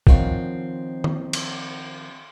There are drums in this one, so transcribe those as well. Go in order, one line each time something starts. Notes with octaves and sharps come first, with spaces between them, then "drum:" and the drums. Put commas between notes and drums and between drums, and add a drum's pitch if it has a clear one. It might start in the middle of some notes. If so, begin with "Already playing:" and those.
D#3 F3 C4 F4 F#4 C#5, drum: kick
drum: tom D#3
drum: cymbal